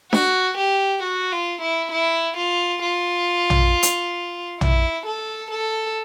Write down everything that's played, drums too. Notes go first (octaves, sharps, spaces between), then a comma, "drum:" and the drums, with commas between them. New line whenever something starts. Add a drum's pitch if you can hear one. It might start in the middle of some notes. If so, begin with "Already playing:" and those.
F#4, drum: snare D4
G4
F#4
F4
E4
E4
F4
F4
drum: tom
drum: hi-hat
E4, drum: tom
A4
A4